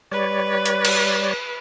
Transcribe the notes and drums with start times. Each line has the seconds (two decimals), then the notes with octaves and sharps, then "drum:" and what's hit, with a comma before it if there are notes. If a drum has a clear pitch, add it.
0.12 G3 B4 C#5 D5
0.66 drum: hi-hat
0.85 drum: cymbal